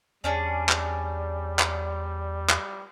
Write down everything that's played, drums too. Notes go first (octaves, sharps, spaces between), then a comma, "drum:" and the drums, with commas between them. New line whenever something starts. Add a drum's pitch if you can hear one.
E2 G3 C#4 D4 G#4
drum: clap
drum: clap
drum: clap